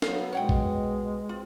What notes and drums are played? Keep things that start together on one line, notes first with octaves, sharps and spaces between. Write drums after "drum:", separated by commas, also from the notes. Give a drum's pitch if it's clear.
F#3 B3 F5, drum: snare
B2 G#3 C#5 F#5 G5
drum: kick A#1
C4 F4